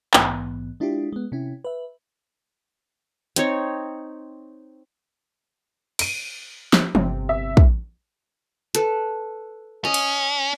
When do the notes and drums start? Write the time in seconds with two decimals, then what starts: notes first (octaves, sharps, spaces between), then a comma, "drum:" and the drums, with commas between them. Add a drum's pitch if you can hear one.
0.14 A#1 G#2 E3 B3, drum: clap
0.80 G#3 D4 E4 F4 G4
1.12 G#3 B3
1.32 C3 C#4 E4
1.65 B4 E5
3.36 C4 D#4 C#5, drum: hi-hat
5.99 D7 D#7, drum: cymbal
6.73 drum: snare
6.95 G1 C3 C4, drum: tom
7.29 E5
7.57 drum: kick
8.75 A4 B4, drum: hi-hat
9.85 C#4 D#5
9.94 drum: cymbal